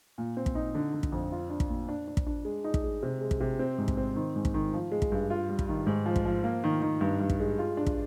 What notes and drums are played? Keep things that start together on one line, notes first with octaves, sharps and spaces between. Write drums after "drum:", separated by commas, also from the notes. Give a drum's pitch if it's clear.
A#2
C4
drum: kick
D#4
D3
D3
drum: kick
F2
F4
D4
drum: kick
A#2
D4
D4
drum: kick
D4
G#3
D#4
drum: kick
G#3
C3
G#3
drum: kick
C3
C4
G#2
drum: kick
C4
D#3
G#2
drum: kick
D#3
F3
G#3
drum: kick
G2
F4
G3
drum: kick
D#3
G#2
F3
drum: kick
F3
A#3
D#3
D#3
G2
G2
drum: kick
G#3
F4
D4
drum: kick